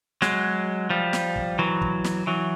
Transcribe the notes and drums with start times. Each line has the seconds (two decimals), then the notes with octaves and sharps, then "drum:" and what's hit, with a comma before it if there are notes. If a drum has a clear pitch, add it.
0.22 F#3 G#3, drum: snare
0.90 F3 G3
1.13 drum: snare
1.36 drum: kick
1.59 E3 F#3
1.82 drum: kick
2.04 drum: snare
2.27 E3 F#3